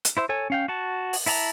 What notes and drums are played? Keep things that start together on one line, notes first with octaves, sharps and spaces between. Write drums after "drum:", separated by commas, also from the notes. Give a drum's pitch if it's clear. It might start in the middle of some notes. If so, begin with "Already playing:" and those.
drum: hi-hat
E4 C5 E5
A4 C#5 G#5
C#4 F5 G5
F#4 F#5 A5
drum: open hi-hat
E4 E5 A5 A#5, drum: open hi-hat